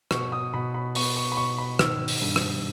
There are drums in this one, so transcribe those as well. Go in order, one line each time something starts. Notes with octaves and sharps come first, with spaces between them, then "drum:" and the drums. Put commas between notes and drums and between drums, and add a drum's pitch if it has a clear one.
B2 C#6, drum: rim click
D#6
B2 B5
B5
B3 C#6, drum: open hi-hat
C#6
B5
B2 C#6
B5
D#3 E6, drum: rim click
drum: open hi-hat
G2
drum: rim click